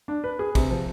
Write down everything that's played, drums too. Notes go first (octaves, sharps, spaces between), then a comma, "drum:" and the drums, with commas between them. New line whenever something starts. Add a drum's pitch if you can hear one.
D4
B4
G#4
C3, drum: kick, cymbal
F3